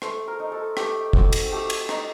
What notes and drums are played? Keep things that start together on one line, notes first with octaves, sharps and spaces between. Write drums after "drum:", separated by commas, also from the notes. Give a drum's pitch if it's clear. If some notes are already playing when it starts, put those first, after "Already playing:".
A3 C5, drum: rim click
A#4
D#4
A4
A3 G4, drum: rim click
C4 F#4, drum: kick
drum: cymbal
A3 G4
drum: cymbal
D#4, drum: rim click